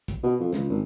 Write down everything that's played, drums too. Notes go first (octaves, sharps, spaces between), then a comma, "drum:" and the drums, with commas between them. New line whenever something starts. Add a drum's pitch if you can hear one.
drum: kick, hi-hat
B2
F2
C#2, drum: snare
G#1